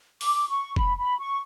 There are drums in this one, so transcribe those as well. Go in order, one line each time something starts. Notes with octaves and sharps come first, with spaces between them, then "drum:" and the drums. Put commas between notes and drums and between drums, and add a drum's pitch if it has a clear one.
D6, drum: open hi-hat
C#6
B5, drum: kick
B5
C#6